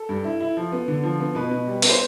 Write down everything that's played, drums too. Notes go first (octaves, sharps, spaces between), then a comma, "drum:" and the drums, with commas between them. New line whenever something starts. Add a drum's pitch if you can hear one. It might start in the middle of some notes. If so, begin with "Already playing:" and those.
Already playing: A4
G2
E4
E4
F3
B3
D3
F3
B3
B2 B4
B2
G3
B3, drum: open hi-hat
C5